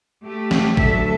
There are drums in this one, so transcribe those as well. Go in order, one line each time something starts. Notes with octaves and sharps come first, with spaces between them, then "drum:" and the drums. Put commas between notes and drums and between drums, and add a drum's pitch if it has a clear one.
A3 G4
drum: snare
D2 F#3 A4 E5, drum: kick